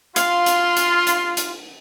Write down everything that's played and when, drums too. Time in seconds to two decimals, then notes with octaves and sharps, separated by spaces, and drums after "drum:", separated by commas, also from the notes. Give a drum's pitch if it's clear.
0.16 F4 F5 C6, drum: hi-hat
0.46 drum: hi-hat
0.77 drum: hi-hat
1.07 drum: hi-hat
1.37 drum: hi-hat